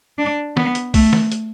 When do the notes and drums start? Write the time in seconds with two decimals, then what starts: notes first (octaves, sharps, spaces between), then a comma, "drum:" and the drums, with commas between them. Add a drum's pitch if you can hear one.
0.18 D4
0.57 B3, drum: snare
0.75 drum: hi-hat
0.94 A3, drum: kick, open hi-hat
1.13 drum: snare
1.32 drum: hi-hat